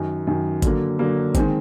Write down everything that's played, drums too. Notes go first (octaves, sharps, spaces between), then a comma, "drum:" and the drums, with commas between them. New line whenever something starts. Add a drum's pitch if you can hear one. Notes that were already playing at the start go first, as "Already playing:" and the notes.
Already playing: F#2 D#3 F#3
F#2 D#3 F#3
D3 F#3 A#3, drum: kick G#1, hi-hat
D3 F#3 A#3
D#3 G#3 C4, drum: kick G#1, hi-hat